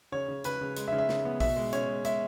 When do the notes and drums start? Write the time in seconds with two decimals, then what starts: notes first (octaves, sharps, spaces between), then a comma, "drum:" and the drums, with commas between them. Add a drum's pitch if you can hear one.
0.12 C#3 C#5
0.28 C#3
0.44 C#3 B4, drum: hi-hat
0.61 C#3
0.77 G#3, drum: hi-hat
0.88 E5
0.92 C#3
0.98 E5
1.09 C#3, drum: snare
1.25 B3
1.40 B2 E5, drum: kick A1, open hi-hat
1.56 G#3
1.73 C#4 C#5, drum: hi-hat
1.88 G#3
2.05 G#3 E5, drum: hi-hat